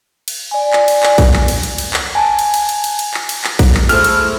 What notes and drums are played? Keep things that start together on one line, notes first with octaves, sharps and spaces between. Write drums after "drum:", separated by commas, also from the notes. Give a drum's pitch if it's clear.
drum: cymbal
D5 G#5
drum: clap
drum: cymbal
drum: clap
drum: kick A#1, cymbal
drum: clap
drum: cymbal
drum: cymbal
drum: cymbal
drum: clap
G#5 A5
drum: cymbal
drum: cymbal
drum: cymbal
drum: cymbal
drum: cymbal
drum: clap
drum: cymbal
drum: clap
drum: kick A#1, cymbal
drum: clap
A3 E4 G#4 A4 C5 F6, drum: cymbal
drum: cymbal